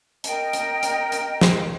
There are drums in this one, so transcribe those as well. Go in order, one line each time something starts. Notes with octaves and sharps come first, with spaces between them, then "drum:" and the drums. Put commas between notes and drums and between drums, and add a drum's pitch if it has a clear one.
A#4 D#5 G5, drum: hi-hat
drum: hi-hat
drum: hi-hat
drum: hi-hat
drum: snare